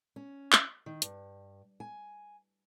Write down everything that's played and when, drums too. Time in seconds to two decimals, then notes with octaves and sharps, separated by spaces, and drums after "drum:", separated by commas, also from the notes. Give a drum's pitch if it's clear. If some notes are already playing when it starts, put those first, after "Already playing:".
0.16 C#4
0.53 drum: clap
0.86 D#3
1.02 G2, drum: hi-hat
1.80 G#5